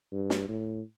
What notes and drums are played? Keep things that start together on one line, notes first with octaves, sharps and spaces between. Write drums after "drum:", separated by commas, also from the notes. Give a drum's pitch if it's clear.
G2
drum: snare
A2